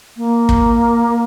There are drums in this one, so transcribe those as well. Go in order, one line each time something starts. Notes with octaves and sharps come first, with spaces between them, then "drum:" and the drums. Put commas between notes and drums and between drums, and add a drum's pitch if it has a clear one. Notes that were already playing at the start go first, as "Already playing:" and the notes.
A#3
drum: kick